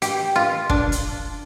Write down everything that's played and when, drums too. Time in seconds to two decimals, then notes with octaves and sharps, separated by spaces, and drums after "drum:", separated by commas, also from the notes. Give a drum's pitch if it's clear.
0.02 G4, drum: hi-hat
0.36 F4
0.70 D4, drum: kick
0.92 drum: hi-hat